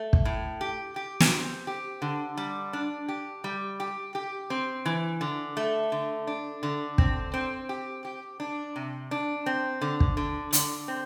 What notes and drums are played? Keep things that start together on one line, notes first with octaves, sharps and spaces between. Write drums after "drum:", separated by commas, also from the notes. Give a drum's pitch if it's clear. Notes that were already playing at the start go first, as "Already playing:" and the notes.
Already playing: A3
drum: kick
A2
G4
G4
drum: snare
C4
G4
D3
G3
D4
G4
G3
G4
G4
C4
E3
D3
A3
D3
D4
D3
C4, drum: kick
C4
G4
G4
D4
C3
D4
C4
D3
drum: kick
D3
D3, drum: hi-hat
C4